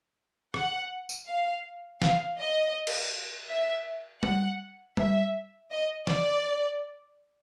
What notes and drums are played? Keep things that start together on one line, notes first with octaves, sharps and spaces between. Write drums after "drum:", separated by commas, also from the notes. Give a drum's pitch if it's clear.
F#5, drum: rim click
drum: tambourine
F5
F5, drum: snare
D#5
drum: cymbal
E5
F#5, drum: tom G3
E5, drum: tom G3
D#5
D5, drum: snare